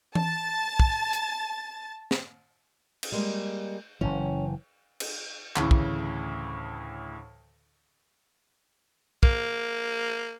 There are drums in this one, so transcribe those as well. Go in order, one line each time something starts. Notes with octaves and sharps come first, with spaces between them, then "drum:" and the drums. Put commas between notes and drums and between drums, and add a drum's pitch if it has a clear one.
A5 A6, drum: tom E3
drum: kick
drum: hi-hat
drum: snare
drum: cymbal
G3 G#3 A#3
F#1 C#2 E3 C#4
drum: cymbal
D2 A2 C#3 E3, drum: clap
drum: kick
A#3, drum: kick